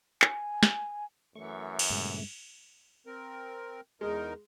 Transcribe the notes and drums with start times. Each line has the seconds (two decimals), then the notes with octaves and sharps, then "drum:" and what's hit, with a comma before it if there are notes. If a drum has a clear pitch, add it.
0.22 G#5, drum: clap
0.63 drum: snare
1.35 F#2 E3 A3 C#6
1.79 drum: cymbal
1.90 G2 A#2 C#3 G#3 A3
3.06 C4 A#4
4.01 E2 G#3 D#4 A#4